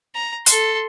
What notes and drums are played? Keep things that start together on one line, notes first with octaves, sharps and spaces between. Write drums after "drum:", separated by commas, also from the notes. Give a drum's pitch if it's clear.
A#5
A4 C6, drum: hi-hat